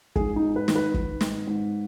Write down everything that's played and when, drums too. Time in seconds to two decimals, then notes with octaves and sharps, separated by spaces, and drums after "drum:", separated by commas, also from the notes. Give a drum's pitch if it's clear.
0.16 G#2 G#4, drum: kick
0.36 D#4
0.42 G#2
0.56 B4
0.68 D#3, drum: snare
0.76 B4
0.94 D#3, drum: kick
1.21 G#2, drum: snare
1.47 G#2